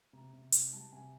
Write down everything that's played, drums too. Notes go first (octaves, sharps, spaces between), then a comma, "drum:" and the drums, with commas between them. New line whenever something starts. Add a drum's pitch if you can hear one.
C3 A#5
C3
C3, drum: hi-hat
G3 A5
C3 G#5